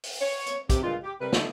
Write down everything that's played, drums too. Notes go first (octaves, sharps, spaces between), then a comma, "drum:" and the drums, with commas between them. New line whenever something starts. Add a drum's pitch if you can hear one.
drum: open hi-hat
C#5
drum: hi-hat
C3 G4, drum: kick, hi-hat
G2 A#2 G#3 F4
G4
C3 G3 A#4 B4
D3 E3 G3 A3 D#4 A4, drum: snare